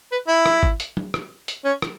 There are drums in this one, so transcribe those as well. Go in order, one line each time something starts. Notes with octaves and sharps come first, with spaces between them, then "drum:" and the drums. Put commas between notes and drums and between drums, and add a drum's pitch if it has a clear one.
B4
E4
drum: rim click
drum: kick G#1
drum: hi-hat
drum: tom
drum: rim click
drum: hi-hat
C#4
drum: rim click